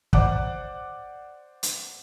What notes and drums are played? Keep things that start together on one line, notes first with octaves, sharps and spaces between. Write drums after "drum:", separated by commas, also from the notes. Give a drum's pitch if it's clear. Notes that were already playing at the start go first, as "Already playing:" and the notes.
C5 D5 F#5 D6 F#6, drum: kick
drum: hi-hat